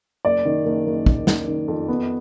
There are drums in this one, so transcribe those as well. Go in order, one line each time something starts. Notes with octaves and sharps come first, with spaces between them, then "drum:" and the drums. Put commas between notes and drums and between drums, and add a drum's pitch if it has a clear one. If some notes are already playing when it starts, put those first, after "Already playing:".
F#1 D5
D#3
F#1
F#1
D#3, drum: kick
F#1, drum: snare
D#3
F2
B3